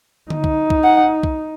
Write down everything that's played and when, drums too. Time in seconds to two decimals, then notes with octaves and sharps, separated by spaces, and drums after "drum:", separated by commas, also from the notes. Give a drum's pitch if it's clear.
0.30 D#4, drum: tom D3
0.44 drum: kick B1
0.70 drum: kick B1
0.84 F#5
1.23 drum: kick B1